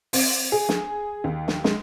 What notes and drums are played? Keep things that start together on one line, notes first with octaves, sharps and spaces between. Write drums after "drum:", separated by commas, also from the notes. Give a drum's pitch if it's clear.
C4, drum: open hi-hat
G#4
drum: snare
D#2
drum: snare
G#3, drum: snare